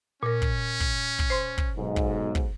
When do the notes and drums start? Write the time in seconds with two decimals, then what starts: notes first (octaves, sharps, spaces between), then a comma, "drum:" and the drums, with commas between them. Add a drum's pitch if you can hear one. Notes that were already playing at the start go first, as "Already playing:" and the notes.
0.23 A#2 C#4 A#4
0.42 drum: kick
0.80 drum: kick
1.19 drum: kick
1.30 C5 C6
1.58 drum: kick
1.77 B1 G#2
1.96 drum: kick
2.35 drum: kick